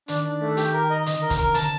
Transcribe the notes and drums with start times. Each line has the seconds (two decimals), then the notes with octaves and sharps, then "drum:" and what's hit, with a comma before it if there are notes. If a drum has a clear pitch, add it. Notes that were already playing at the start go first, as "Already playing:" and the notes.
0.08 D#3 D4, drum: hi-hat
0.24 D4
0.41 A3
0.57 G4, drum: hi-hat
0.73 A#4
0.90 D#5
1.06 D3 D#5, drum: hi-hat
1.22 A#4
1.30 C3, drum: kick, hi-hat
1.38 A#4
1.54 D3 A5, drum: hi-hat